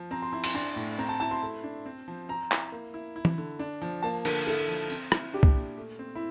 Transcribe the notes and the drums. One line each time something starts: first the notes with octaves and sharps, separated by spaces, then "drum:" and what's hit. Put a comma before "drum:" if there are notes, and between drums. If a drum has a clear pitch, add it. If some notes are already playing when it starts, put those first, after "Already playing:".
Already playing: F3
C4 A#5
C6
E4 C6
C6, drum: cymbal
D4 C6
A2
C4 A#5
A5
E4 A5
C6
A3
D4
C4
F3
C4 A#5
E4, drum: clap
A#3
E4
E4
drum: tom E3
D3
D4
F3
A#3 A5
D3 A#4, drum: cymbal
E4 A4
F3
C4, drum: tambourine
E4, drum: rim click
D4 G4
drum: kick C2
A#2
A3
C4
E4